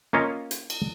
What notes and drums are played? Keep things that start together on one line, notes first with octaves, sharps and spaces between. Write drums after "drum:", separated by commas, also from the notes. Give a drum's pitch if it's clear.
A#3 C#4 F4 C#5 D#5
drum: hi-hat
drum: cymbal